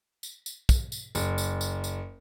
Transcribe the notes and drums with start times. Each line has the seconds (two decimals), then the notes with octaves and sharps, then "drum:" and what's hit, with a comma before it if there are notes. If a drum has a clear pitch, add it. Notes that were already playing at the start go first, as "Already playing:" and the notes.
0.23 drum: tambourine
0.46 drum: tambourine
0.69 drum: kick, tambourine
0.92 drum: tambourine
1.15 F#1, drum: tambourine
1.38 drum: tambourine
1.61 drum: tambourine
1.84 drum: tambourine